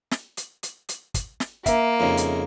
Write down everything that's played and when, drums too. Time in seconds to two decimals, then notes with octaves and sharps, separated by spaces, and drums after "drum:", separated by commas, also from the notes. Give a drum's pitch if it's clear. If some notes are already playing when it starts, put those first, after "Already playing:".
0.11 drum: snare
0.37 drum: hi-hat
0.63 drum: hi-hat
0.89 drum: hi-hat
1.14 drum: kick, hi-hat
1.40 drum: snare
1.66 A#3 E5, drum: kick, hi-hat
2.00 F2 G#2 C#3
2.17 drum: hi-hat